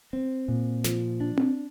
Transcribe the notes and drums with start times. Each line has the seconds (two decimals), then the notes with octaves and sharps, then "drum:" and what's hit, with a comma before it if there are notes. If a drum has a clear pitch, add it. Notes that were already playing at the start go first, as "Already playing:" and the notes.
0.13 C4
0.48 A#2
0.84 F3, drum: snare
1.20 D4
1.38 drum: tom C4